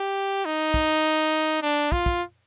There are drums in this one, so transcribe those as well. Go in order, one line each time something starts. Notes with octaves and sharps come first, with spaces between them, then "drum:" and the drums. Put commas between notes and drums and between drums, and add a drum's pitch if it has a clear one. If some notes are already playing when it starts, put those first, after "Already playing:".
Already playing: G4
D#4
drum: kick
D4
F4, drum: kick
drum: kick